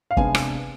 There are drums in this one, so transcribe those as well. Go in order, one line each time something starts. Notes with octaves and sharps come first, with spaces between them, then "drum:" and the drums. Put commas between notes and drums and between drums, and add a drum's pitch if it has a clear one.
F5
C3 G#3 B3 D4 G#5, drum: kick
drum: rim click